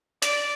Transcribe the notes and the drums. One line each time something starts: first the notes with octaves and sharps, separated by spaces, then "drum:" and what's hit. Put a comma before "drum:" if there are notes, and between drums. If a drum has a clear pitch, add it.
D5, drum: hi-hat